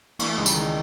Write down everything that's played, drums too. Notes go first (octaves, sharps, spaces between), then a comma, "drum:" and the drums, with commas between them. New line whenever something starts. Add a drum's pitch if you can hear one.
E3 A#3, drum: cymbal
A3
C#2 G#3
G3, drum: tambourine
D#3 G#3